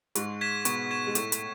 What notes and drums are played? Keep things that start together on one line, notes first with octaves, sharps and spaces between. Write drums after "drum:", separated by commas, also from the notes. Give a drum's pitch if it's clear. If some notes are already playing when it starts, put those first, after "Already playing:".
G#2 G#3 C#6, drum: hi-hat
G#6 B6 E7
B2 B3 C#6, drum: hi-hat
G#6 B6 E7
G#3
A2 A3 C#6, drum: hi-hat
drum: hi-hat